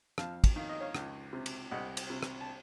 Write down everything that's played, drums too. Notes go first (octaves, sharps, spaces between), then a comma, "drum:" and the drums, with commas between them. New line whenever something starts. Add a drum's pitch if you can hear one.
F2 F5 A5, drum: rim click
drum: kick, cymbal
D#3 F5
D#5
C#5 F5
C#2, drum: rim click
C3
drum: cymbal
C2 D#5 F#5
drum: cymbal
C3
drum: rim click
A5